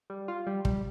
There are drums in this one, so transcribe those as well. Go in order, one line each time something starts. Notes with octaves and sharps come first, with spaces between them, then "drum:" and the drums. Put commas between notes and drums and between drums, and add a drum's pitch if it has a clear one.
G3
F4
G3
G3, drum: kick